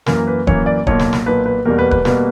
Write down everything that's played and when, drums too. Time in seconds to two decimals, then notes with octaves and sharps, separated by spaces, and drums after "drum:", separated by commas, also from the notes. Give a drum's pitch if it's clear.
0.06 F#2 E3 A#3 A#4, drum: snare
0.27 B4
0.47 F#2 E3 A#3 C#5, drum: kick D1
0.66 D5
0.87 B1 A#2 A#3 C#5, drum: kick D1
0.99 drum: snare
1.13 drum: snare
1.26 B1 A#2 A#3 B4
1.46 B4
1.65 E2 B2 G3 A#3 A#4
1.78 B4
1.91 B4, drum: kick D1
2.05 B2 G3 A#3 B4, drum: snare